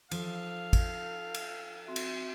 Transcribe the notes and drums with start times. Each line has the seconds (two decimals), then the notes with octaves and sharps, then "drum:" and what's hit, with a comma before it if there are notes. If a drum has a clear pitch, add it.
0.11 F3 A4 F5, drum: cymbal
0.73 drum: kick, cymbal
1.34 drum: cymbal
1.86 C4 F#4 E5
1.96 drum: cymbal